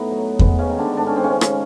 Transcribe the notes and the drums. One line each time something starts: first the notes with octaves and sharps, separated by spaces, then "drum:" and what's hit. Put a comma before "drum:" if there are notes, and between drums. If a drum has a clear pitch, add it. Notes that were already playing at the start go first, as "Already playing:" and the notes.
Already playing: A2 B3 D#4
F#3
G#3 B3, drum: kick E2
C#3 C#4
D#3
D3 D4
G#2 D4
C#4
C4
C#3 G#3 C#4
drum: rim click